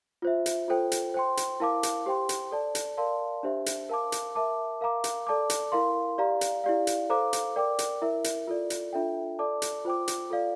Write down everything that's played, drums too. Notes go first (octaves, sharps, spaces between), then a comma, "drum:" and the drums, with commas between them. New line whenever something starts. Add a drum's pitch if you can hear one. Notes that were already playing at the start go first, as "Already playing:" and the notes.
F4 C5 E5
drum: hi-hat
F4 A4 C5 G5
drum: hi-hat
C5 G5 C6
drum: hi-hat
E4 A#4 F5 A5 D6
drum: hi-hat
G4 C5 G5 C6
drum: hi-hat
A4 D5 A5
drum: hi-hat
A#4 D5 F5 A5 C6
D4 G4 C5 E5
drum: hi-hat
A#4 F5 A5 D6
drum: hi-hat
A#4 E5 A5 D6
A#4 F5 A#5 D6
drum: hi-hat
A4 D5 A5 D6
drum: hi-hat
E4 A#4 F5 C6
G4 D5 F5 A#5
drum: hi-hat
E4 G4 D5 F5
drum: hi-hat
A4 C5 F5 A#5 D6
drum: hi-hat
A#4 D5 G5 D6
drum: hi-hat
E4 A#4 E5
drum: hi-hat
F4 A4 D5
drum: hi-hat
D4 F4 A4 E5 G5
A4 D5 A5 D6
drum: hi-hat
F4 C5 G5 D6
drum: hi-hat
F4 A4 D5 F5